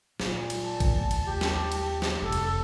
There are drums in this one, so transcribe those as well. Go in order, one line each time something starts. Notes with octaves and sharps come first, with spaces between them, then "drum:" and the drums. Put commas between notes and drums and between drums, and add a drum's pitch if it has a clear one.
A#2 F#3, drum: snare
drum: cymbal
A5
drum: kick A1, cymbal
D#2 A3
drum: cymbal
G4
drum: snare
drum: cymbal
drum: snare
F1 D2 A4
drum: cymbal